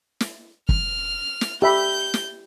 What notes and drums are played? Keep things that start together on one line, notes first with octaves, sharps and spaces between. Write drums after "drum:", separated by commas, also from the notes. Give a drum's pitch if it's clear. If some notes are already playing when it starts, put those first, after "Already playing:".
drum: snare
F6, drum: kick
drum: snare
G4 E5 B5 G6
drum: snare